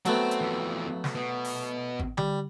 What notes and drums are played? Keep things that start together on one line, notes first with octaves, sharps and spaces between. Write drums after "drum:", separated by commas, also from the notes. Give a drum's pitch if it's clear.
F#3 A3 B3 C4, drum: hi-hat
drum: hi-hat
F2 E3
drum: snare
B2
drum: open hi-hat
drum: kick G#1
G3, drum: tom D3